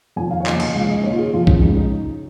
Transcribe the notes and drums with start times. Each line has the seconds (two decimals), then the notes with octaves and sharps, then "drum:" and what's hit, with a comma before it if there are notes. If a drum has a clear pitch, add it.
0.16 F2 D#3 G#5
0.31 F5
0.40 C#5
0.46 D#2 C#3 F3 D#5, drum: clap
0.60 G#5, drum: cymbal
0.74 C#2 C#3 F3 F5
0.90 D#5
1.04 D#2 D#3 C#5
1.12 F4
1.18 G#4
1.34 F2 F3 F4
1.47 C#4, drum: kick
1.62 C#2 C#3 F3 D#4
1.76 D#4